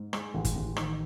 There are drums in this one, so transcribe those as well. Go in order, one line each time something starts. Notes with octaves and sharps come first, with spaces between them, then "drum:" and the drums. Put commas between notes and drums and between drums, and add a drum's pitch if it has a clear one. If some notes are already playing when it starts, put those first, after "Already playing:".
Already playing: G#2
G#3, drum: rim click
A1
drum: kick G1, hi-hat
A1
D#3, drum: rim click